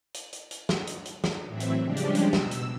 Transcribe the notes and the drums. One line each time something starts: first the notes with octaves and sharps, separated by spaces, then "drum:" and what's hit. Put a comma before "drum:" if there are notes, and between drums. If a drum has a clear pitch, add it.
drum: hi-hat
drum: hi-hat
drum: hi-hat
drum: snare
drum: hi-hat
drum: hi-hat
drum: snare
A2 E3 F#3 C4 E5
drum: hi-hat
C#3 F3 G3 G#3 D4 G4
drum: hi-hat
drum: hi-hat
B2 E6, drum: snare
drum: hi-hat